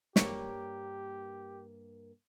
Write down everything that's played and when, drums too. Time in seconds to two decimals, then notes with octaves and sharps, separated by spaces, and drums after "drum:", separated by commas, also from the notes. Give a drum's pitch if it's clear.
0.16 G2 A#3 G4 C#5, drum: snare